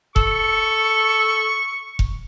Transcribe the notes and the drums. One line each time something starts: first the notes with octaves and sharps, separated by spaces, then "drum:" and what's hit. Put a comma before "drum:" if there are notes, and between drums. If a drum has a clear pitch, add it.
A4 C#6, drum: kick F1
drum: kick F1